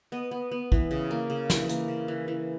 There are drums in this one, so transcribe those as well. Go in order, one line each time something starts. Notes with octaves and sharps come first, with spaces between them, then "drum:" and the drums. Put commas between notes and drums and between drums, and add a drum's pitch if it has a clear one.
B3 D#5
B3
B3
E3, drum: kick
C#3
A#3
C#3
E3, drum: snare
A#3, drum: hi-hat
C#3
E3
E3